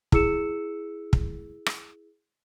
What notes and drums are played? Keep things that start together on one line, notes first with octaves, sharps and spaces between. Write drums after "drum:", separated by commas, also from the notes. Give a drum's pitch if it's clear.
E4 G#4 E6 C#7 E7, drum: kick
drum: kick
drum: rim click